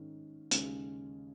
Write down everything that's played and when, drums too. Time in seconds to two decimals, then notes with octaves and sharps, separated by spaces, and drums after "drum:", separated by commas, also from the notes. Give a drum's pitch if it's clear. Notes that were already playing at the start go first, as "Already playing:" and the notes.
Already playing: G#2 D#3 G#3 C#4
0.51 D#2 C#3 G#3 C#4, drum: hi-hat